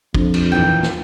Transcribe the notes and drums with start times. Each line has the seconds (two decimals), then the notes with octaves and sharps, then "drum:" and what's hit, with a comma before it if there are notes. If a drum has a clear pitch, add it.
0.14 F2 D4, drum: kick
0.34 drum: cymbal
0.52 D#2 A#2 E3 G5
0.83 drum: snare